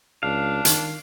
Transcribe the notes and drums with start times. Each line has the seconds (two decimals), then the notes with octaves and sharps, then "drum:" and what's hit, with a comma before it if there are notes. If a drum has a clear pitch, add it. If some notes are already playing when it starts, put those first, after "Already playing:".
0.23 C#2 D4 F5
0.65 D#3, drum: hi-hat